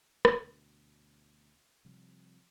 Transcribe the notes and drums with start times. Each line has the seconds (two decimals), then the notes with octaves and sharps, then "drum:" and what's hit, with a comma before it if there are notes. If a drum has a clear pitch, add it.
0.25 drum: rim click
0.42 D2 B2
1.85 C3 F3 G3